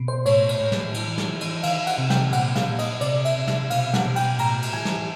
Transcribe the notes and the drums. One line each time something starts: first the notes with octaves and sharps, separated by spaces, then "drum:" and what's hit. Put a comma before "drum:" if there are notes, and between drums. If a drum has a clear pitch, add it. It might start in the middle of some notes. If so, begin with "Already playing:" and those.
Already playing: B2
C5
A2 C#5, drum: cymbal
drum: cymbal
A2
drum: snare
E3, drum: cymbal
drum: snare
E3
drum: cymbal
D#3 F5, drum: cymbal
F#5, drum: cymbal
C3
G5, drum: snare
A#2 F#5, drum: cymbal
F5, drum: snare
A#2
D#5, drum: cymbal
C3 D5, drum: cymbal
E5, drum: cymbal
C3
E5, drum: snare
B2 F5, drum: cymbal
F#5, drum: snare
B2
G5, drum: cymbal
A2 A#5, drum: cymbal
drum: cymbal
E3 G#5
drum: snare